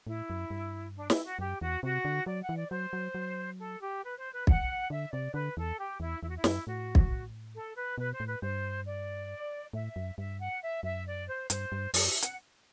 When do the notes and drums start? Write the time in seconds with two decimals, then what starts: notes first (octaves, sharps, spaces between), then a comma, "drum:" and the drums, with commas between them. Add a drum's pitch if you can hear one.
0.07 A2 E4
0.30 F#2
0.51 G2
0.96 D4
1.10 E4, drum: snare
1.24 F#4
1.39 F#2 G4
1.61 E2 F#4
1.83 C3 F#4
2.05 D3
2.26 F#3 D5
2.42 F#5
2.49 E3
2.56 D5
2.70 F#3 C5
2.93 F#3
3.15 F#3
3.59 A4
3.80 G4
4.03 B4
4.17 C5
4.33 B4
4.47 F#5, drum: kick
4.90 D3 E5
5.13 C3 D5
5.34 D3 B4
5.57 E2 A4
5.79 G4
6.00 E2 E4
6.23 E2 E4
6.29 F#4
6.36 E4
6.44 F#2, drum: snare
6.67 A2 F#4
6.95 drum: kick
7.55 A4
7.76 B4
7.98 B2 B4
8.12 C5
8.20 A2
8.28 B4
8.42 G2 C5
8.86 D5
9.73 A2 E5
9.96 F#2
10.18 G2 E5
10.39 F#5
10.62 E5
10.83 F#2 E5
11.06 D5
11.28 C5
11.50 G2 C5, drum: hi-hat
11.72 G2
11.94 F#2 D5, drum: open hi-hat
12.08 E5
12.22 F#5, drum: hi-hat